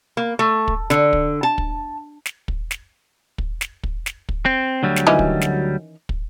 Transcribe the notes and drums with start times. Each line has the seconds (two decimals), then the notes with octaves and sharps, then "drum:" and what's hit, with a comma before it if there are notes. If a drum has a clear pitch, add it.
0.17 A#3
0.39 A3
0.68 drum: kick
0.90 D3, drum: snare
1.13 drum: kick
1.43 A5
1.58 drum: kick
2.26 drum: snare
2.48 drum: kick
2.71 drum: snare
3.38 drum: kick
3.61 drum: snare
3.83 drum: kick
4.06 drum: snare
4.29 drum: kick
4.46 C4
4.83 D2 F#3 G3
4.96 drum: snare
5.07 D#3 E3 C#4
5.19 drum: kick
5.41 drum: snare
6.09 drum: kick